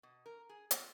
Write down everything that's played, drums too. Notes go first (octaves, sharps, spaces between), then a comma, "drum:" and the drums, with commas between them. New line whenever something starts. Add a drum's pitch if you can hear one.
B2
A#4
G#4
F4, drum: hi-hat